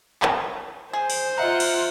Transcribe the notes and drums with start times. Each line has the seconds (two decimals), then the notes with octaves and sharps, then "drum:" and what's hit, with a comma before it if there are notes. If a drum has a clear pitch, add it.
0.22 drum: clap
0.93 G#4 C5
1.10 drum: open hi-hat
1.38 F4 D#5 E5 F#5 A#5
1.60 drum: cymbal